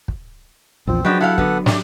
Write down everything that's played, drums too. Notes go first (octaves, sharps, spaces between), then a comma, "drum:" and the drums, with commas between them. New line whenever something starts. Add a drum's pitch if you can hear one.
drum: kick
A#1 E2 F3 C4
F3 F#3 G#3 D4 F#4 B4 G5
E4 G4 A4 F5 F#5
D3 B3, drum: kick
A3 D4 G4 D5, drum: snare